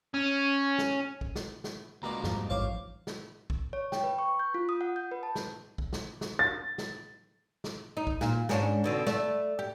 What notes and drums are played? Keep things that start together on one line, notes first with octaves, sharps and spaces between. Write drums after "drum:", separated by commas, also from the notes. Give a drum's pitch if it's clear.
C#4
drum: snare
drum: kick
drum: snare
drum: snare
C#2 B2 A#3 D5 A#5
F2 G#2 F3 G3, drum: snare
A1 C5 C#5 F5 C#6 D6
drum: snare
drum: kick
C#5
G5, drum: snare
B4
C#6
G6
F4
D#6
F#5
G6
B4
A5
drum: snare
drum: kick
drum: snare
drum: snare
A6
drum: snare
drum: snare
D#4
drum: kick
A#2, drum: snare
G#2 C#4 D4, drum: snare
B2 D3 C4
A3 D5, drum: snare
G4